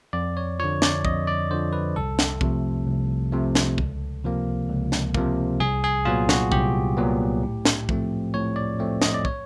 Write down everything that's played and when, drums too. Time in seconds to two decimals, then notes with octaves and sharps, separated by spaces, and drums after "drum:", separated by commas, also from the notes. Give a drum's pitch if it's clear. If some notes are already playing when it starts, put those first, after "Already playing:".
0.13 F2 D5
0.37 C#5
0.59 D3 F3 C#5
0.82 D5, drum: snare
1.05 F2 D#5, drum: kick
1.27 D5
1.51 D3 F3 C5
1.73 B4
1.96 C2 A4
2.19 drum: snare
2.41 C3 F3 A3, drum: kick
2.87 C2
3.32 C3 F3 A3
3.55 drum: snare
3.78 C#2, drum: kick
4.24 C3 F3 A#3
4.69 C#2
4.92 drum: snare
5.14 C3 F3 A#3, drum: kick
5.60 C2 G#4
5.84 G#4
6.05 A#2 F#3 B3 F4
6.29 F#4, drum: snare
6.52 C2 G4, drum: kick
6.97 A#2 F#3 B3
7.43 A2
7.65 drum: snare
7.89 F3 A3 C4, drum: kick
8.34 A2 C#5
8.56 D5
8.79 F3 A3 C4
9.02 D#5, drum: snare
9.14 D5
9.25 C#5, drum: kick